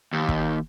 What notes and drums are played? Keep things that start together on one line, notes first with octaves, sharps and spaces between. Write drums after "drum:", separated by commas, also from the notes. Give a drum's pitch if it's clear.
D#2
drum: kick